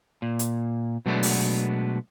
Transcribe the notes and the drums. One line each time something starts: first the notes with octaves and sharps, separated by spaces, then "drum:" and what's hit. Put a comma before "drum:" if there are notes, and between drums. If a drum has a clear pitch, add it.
A#2
drum: hi-hat
B2 F#3 G#3 A3 B3 D4
drum: open hi-hat